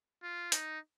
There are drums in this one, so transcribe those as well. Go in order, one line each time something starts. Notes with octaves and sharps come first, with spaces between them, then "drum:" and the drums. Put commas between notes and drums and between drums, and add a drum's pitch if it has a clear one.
F4
D#4, drum: hi-hat